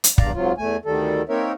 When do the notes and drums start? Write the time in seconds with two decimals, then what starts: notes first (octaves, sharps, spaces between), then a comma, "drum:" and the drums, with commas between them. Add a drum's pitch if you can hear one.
0.04 drum: hi-hat
0.18 E2 G2 D5 F5 A#5, drum: kick
0.35 G#2 C3 F#3 F4
0.58 E2 A3 G#5
0.85 D2 D#3 G3 A4
1.29 A#3 C4 D#4 A#4 C#5 E5